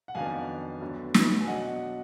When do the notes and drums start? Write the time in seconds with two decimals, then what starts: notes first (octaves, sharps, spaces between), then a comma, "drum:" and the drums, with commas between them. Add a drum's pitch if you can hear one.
0.08 F#5
0.15 F2 D#3 F#3 B3 D4 F5 G#5
0.81 D2 D3 F#3 B3 D4
1.14 drum: snare
1.41 G#5
1.47 B2 F#3 D4 D#5 F#5